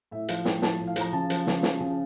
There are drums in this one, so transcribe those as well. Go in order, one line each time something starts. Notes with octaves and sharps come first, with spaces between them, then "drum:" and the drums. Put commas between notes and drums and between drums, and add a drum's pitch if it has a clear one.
A2 E5
F3 F5, drum: hi-hat
A2 G5, drum: snare
F3 A5, drum: snare
A2
F5
F3 A#5, drum: hi-hat
C#3 A5
F3, drum: hi-hat
C#3, drum: snare
F3, drum: snare
C#3